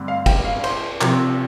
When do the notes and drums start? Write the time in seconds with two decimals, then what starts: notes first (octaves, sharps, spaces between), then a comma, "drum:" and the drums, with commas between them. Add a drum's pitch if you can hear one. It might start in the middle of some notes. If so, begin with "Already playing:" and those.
Already playing: G2 D3 A3 C4
0.08 F5
0.26 G5, drum: kick, cymbal
0.45 F5
0.64 C5, drum: cymbal
1.01 C3 F3 C4, drum: clap